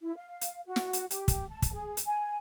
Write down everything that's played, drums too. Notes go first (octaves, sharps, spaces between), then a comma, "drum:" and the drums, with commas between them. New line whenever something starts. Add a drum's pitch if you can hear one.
E4
F5
drum: hi-hat
F#4
drum: snare
drum: hi-hat
G4, drum: hi-hat
drum: kick, hi-hat
A5
drum: kick, hi-hat
G#4
drum: hi-hat
G#5